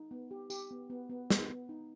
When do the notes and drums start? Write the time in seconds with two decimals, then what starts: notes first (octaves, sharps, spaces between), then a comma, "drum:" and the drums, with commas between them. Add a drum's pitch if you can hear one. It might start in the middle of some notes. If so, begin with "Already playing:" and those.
Already playing: D#4
0.11 B3
0.31 G4
0.50 G4, drum: tambourine
0.71 B3
0.90 B3
1.10 B3
1.30 B3, drum: snare
1.50 B3
1.69 D#4